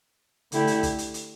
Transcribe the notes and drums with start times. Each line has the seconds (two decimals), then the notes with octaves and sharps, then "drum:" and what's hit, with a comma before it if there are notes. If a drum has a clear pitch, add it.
0.52 D3 A3 E4 G4, drum: hi-hat
0.67 drum: hi-hat
0.83 drum: kick, hi-hat
0.98 drum: hi-hat
1.14 drum: hi-hat